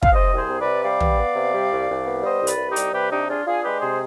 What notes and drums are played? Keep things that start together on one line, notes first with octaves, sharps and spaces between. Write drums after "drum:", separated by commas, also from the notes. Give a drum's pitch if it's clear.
F5, drum: kick
C3 C5 D#5
C2
G#4 C5
C3
B4 D5
C3
G3 D5 F5
B3, drum: tom
B3
C3
G3
C2
C2
B3
G3 C5 D#5
C2
B4 D5, drum: hi-hat
C2
D#4 G4
G3, drum: hi-hat
C3 G4 B4
D4 D#4 G4
D4 F4 G#4
D4 F4 G#4
G#3 G4 B4
C3 G#4 C5